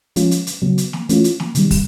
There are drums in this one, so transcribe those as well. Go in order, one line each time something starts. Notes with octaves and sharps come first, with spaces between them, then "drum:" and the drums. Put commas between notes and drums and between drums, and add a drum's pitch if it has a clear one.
F3 G#3 C#4 F4, drum: hi-hat
drum: hi-hat
drum: hi-hat
C#3 F#3 B3
drum: hi-hat
drum: snare
E3 A3 C#4 F4, drum: hi-hat
drum: hi-hat
drum: snare
C3 D#3 G3, drum: hi-hat
drum: kick, open hi-hat